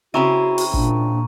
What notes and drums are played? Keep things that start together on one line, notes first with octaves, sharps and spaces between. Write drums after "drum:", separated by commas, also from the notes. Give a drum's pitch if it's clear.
C#3 C4 E4 F#4 A#5 C#6 D#7
drum: open hi-hat
A#2 D4, drum: kick